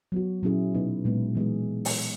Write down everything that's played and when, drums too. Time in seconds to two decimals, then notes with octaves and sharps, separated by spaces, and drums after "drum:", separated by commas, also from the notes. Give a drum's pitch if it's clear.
0.12 F#3 B3 F#4
0.43 A#2 F#3 C#4 E4 G#4
0.74 B2 F#3 B3 D#4
1.05 A#2 G#3 B3
1.35 E3 G#3 B3 D#4 G#4
1.85 drum: open hi-hat